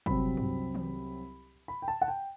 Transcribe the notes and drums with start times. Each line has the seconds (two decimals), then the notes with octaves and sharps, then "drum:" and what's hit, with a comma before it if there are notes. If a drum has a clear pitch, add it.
0.06 C2 C3 F#3 C4 B5, drum: kick G1
0.37 drum: tom
0.75 drum: tom
1.68 B5
1.82 G5
1.88 A5
2.02 F#5
2.08 G5